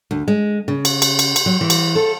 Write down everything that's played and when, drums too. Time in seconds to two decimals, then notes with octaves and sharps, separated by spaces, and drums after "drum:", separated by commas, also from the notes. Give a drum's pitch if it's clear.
0.11 D2
0.28 G#3
0.68 C#3
0.85 drum: cymbal
1.02 drum: cymbal
1.19 drum: cymbal
1.36 drum: cymbal
1.46 F#3
1.61 E3
1.70 drum: cymbal
1.96 A4